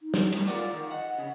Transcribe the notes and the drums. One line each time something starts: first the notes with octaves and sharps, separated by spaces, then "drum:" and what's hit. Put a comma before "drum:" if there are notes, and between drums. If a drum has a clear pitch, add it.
D#4
drum: snare
A2 D#3 F3 G3, drum: cymbal
F4 A#4 D5 F#5, drum: hi-hat
D#3
D#5 F#5
C#3